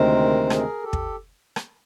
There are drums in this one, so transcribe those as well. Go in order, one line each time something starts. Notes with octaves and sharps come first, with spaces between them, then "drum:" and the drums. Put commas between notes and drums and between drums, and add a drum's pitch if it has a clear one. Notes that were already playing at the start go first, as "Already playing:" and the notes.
Already playing: D2 C3 D#3 G#3 C4 A#4 C5
G#4 A#4, drum: rim click
G4 A4
drum: kick
drum: rim click